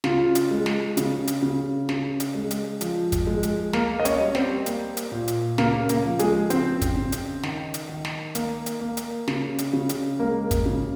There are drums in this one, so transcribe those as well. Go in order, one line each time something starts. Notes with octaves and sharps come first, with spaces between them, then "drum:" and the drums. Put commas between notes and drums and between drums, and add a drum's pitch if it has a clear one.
C#3 F4, drum: snare
drum: hi-hat
G#3
drum: snare
C#3, drum: hi-hat
drum: hi-hat
C#3
C#3, drum: snare
drum: hi-hat
G#3
drum: hi-hat
F3, drum: hi-hat
drum: kick, hi-hat
G#3
drum: hi-hat
A#3 A#4, drum: snare
D#5
C#4 C#5, drum: hi-hat
G3
C4 C5, drum: snare
A#3, drum: hi-hat
drum: hi-hat
A#2
drum: hi-hat
C#3 A#3 A#4, drum: snare
A#3 A#4, drum: hi-hat
F3
G#3 G#4, drum: hi-hat
C#3 C4 C5, drum: hi-hat
drum: kick, hi-hat
C#3
drum: hi-hat
D#3, drum: snare
drum: hi-hat
D#3
drum: snare
A#3, drum: hi-hat
drum: hi-hat
A#3
drum: hi-hat
C#3, drum: snare
drum: hi-hat
C#3
drum: hi-hat
G#3 A#3 A#4
drum: kick, hi-hat
C#3